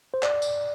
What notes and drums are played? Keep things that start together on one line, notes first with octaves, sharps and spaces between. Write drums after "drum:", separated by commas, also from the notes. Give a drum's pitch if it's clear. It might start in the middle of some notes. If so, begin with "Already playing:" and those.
C5
D5, drum: clap
drum: tambourine